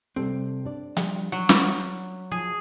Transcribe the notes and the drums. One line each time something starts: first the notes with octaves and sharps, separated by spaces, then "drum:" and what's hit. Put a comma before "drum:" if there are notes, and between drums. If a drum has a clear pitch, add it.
C3 G3 C4 A4
D4 D5
F3 G3 G4, drum: hi-hat
F#3 F#5
drum: snare
F3 G#4